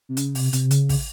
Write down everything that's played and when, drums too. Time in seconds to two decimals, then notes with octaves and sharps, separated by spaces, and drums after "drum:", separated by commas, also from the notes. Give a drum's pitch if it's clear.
0.09 C3
0.17 C#3, drum: hi-hat
0.35 C3, drum: open hi-hat
0.53 C3, drum: hi-hat
0.71 C#3, drum: hi-hat
0.89 drum: kick, open hi-hat